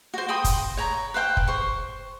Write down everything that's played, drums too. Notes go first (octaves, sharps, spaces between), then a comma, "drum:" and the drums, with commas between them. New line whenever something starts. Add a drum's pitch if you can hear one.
F#4 C5
G5 B5 C6 D#6
drum: kick, hi-hat
C#5 A#5 B5
B4 C5 F5 G5
drum: kick
C5 C#6